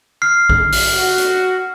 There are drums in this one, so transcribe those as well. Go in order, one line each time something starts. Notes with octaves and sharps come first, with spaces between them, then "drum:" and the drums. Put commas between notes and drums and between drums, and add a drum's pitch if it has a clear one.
F6 C7
drum: kick A#1
drum: open hi-hat
F#4
drum: hi-hat